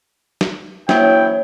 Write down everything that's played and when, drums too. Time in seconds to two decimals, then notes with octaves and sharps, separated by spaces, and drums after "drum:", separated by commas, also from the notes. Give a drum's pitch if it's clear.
0.41 drum: snare
0.89 E3 F#3 A#3 E4 C5 C#5 G5 B5, drum: snare